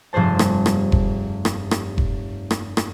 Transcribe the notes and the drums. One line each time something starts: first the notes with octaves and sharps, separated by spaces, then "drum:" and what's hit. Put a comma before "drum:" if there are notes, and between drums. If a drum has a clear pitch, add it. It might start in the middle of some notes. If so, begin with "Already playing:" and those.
F1 G2 G#4 C5 A5
drum: rim click
drum: rim click
drum: kick F1
drum: rim click
drum: rim click
drum: kick F1
drum: rim click
drum: rim click